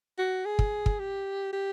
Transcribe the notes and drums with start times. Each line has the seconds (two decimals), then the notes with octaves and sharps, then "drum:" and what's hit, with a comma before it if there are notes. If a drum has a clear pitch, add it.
0.18 F#4
0.45 G#4
0.59 drum: kick
0.86 drum: kick
0.99 G4
1.53 G4